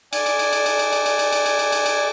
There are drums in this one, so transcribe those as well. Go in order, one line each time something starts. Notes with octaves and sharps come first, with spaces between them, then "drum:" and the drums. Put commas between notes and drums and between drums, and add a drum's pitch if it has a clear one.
D5 G#5, drum: cymbal
drum: cymbal
drum: cymbal
drum: cymbal
drum: cymbal
drum: cymbal
drum: cymbal
drum: cymbal
drum: cymbal
drum: cymbal
drum: cymbal
drum: cymbal
drum: cymbal
drum: cymbal